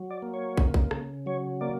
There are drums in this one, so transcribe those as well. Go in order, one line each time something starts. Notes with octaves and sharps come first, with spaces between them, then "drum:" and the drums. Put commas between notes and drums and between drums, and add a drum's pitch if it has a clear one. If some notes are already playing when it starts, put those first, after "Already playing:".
Already playing: F#3
D5
A#3
C#5
C#3, drum: kick
drum: kick
C#3, drum: rim click
F#3 C#5
A#3 D5